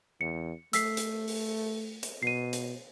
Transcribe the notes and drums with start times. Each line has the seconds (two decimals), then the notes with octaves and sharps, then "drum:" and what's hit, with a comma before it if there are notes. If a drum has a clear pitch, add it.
0.21 E2 C#7
0.73 A3 E6 B6 C7, drum: hi-hat
0.97 drum: hi-hat
1.28 drum: open hi-hat
2.03 drum: hi-hat
2.23 B2 C7 D#7
2.53 drum: hi-hat